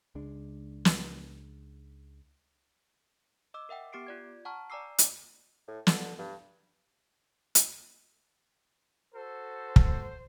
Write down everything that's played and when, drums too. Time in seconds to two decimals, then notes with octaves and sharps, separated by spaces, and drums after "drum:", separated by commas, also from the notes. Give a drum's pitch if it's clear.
0.15 C#2 G#3 D4
0.85 drum: snare
3.54 D#5 D6 E6
3.69 A#4 E5 F#5 G5
3.93 B3 G4 D6 C7 D7
4.07 F4 D5 G#6
4.45 F#5 A5 A#5 C#6 F6
4.70 D5 G#5 A#5 D6 E6 C7
4.98 drum: hi-hat
5.68 A2
5.87 D3, drum: snare
6.19 G2
7.55 drum: hi-hat
9.14 F#4 A4 C5
9.76 drum: kick